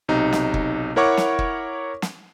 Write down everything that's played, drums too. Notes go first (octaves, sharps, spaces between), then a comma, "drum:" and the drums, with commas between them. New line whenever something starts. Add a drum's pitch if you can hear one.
B1 C3 D#4
drum: snare
drum: kick
E4 A#4 C#5 F#5 C#6 D6
drum: snare
drum: kick
drum: snare